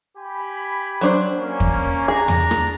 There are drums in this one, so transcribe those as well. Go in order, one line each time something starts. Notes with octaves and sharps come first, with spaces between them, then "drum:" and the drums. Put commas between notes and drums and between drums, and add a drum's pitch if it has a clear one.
G4 G#5 B5
F#3 D4 C5
A#3 C#4
drum: kick
D4 G#4 A#5
drum: tom E2
drum: rim click